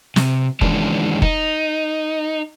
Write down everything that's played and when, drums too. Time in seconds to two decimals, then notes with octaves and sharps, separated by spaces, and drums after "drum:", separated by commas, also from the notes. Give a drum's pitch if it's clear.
0.16 C3, drum: snare
0.61 D#3 E3 G#3 C#4 D4, drum: kick F1
1.22 D#4, drum: kick F1